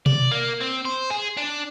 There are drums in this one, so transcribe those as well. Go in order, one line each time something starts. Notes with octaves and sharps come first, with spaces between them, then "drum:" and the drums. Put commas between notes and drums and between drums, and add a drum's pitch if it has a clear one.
D5, drum: tom B2
A#3
C4
C5
G#4
D4